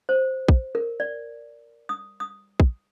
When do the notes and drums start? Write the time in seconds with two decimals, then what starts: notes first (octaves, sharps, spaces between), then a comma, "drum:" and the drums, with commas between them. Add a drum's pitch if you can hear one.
0.09 C5
0.48 drum: kick
0.75 A#4
1.00 D5
1.89 D#6
2.20 D#6
2.60 drum: kick